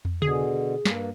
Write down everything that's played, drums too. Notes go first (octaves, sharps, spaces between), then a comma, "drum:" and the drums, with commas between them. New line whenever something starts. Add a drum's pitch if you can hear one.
drum: tom
B2 D3 G#4, drum: tom C#3
G2 A#3, drum: snare